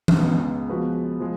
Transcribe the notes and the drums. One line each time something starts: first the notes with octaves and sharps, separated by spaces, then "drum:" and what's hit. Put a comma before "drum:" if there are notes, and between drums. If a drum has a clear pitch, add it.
drum: tom E3
C#2 C#3 G#3 B3
F3 G#3 B3 F#4 B4
F3 G#3